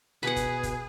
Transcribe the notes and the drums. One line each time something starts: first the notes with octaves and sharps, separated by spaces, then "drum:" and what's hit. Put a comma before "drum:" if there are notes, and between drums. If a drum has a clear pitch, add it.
B2 G#4 B4 F#5 B5
drum: kick, hi-hat
drum: kick, hi-hat